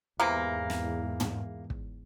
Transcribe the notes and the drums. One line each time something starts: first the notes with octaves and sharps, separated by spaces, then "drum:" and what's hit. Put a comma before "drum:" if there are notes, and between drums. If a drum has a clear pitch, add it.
E2 G#2 C3 E3 A#3
drum: snare
drum: tom
drum: kick